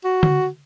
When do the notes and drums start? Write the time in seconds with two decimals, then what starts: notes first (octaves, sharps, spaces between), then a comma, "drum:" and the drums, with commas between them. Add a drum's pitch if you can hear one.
0.04 F#4
0.23 drum: tom D3